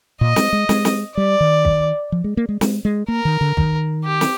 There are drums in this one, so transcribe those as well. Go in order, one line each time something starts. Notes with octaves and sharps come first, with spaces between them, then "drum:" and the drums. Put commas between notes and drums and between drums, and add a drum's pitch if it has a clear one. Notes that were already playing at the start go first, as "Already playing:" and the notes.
A#2 D#5
G#3, drum: snare
G#3
G#3, drum: snare
drum: snare
G3 D5
D#3
drum: kick
F3
G#3
A#3
G#3
G#3, drum: snare
G#3
A#3 A#4
D#3
D3
D#3, drum: kick
G4
drum: snare